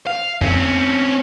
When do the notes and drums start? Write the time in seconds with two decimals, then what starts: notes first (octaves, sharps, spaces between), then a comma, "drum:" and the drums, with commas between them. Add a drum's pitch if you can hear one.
0.07 F5
0.41 C4 C#4, drum: tom